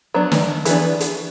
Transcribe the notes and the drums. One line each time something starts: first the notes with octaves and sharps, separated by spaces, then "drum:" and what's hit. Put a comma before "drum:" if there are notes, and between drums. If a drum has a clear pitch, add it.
F#3 B3 D4
drum: snare
E3 B3 D4, drum: hi-hat
drum: hi-hat